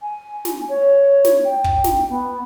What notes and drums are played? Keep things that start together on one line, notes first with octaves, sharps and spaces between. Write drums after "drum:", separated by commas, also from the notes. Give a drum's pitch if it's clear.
G#5
drum: snare
C#5
drum: snare
G5
drum: kick
drum: snare
B3